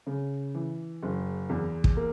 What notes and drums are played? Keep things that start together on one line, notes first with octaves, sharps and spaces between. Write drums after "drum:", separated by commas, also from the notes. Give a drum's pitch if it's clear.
C#3
E3
F#1
E2
drum: kick
A#3